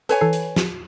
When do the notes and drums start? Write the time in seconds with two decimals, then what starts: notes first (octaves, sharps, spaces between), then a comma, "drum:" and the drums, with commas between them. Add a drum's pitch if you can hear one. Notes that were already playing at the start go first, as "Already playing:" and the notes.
0.09 A4 B4 C#5 G#5, drum: hi-hat
0.21 E3 A4 C7
0.33 drum: hi-hat
0.56 drum: snare